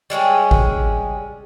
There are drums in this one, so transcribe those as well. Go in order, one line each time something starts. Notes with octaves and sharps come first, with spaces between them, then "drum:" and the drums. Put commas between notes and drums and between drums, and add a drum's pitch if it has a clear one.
G3 G#3 C#4 G#4
drum: kick G#1